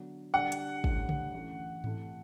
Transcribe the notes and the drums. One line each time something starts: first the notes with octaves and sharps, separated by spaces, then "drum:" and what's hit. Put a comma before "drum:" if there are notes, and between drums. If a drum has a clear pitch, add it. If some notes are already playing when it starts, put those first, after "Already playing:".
Already playing: D3 F#3 B3 F#4
D3 G3 D4 A4 D5 F#5
drum: hi-hat
A2 G3 D4, drum: kick
drum: tom C#3
F#2 E3 A3
C3 E3 A3 E4 A4, drum: tom G#2